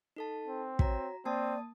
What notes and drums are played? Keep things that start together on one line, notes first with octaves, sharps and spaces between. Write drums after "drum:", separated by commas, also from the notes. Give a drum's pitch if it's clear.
D#4 A4 A5
C4
F#4 C#5 A#5, drum: kick
A#3 C4 D5 A5 D#6